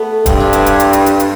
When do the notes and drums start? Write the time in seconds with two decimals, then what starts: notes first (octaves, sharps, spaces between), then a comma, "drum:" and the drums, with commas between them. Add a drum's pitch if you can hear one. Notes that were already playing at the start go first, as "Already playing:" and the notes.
Already playing: A3 B3
0.26 G2 C4, drum: kick D1, hi-hat
0.40 D4
0.53 E4, drum: hi-hat
0.66 drum: hi-hat
0.80 drum: hi-hat
0.93 drum: hi-hat
1.06 drum: hi-hat
1.20 drum: hi-hat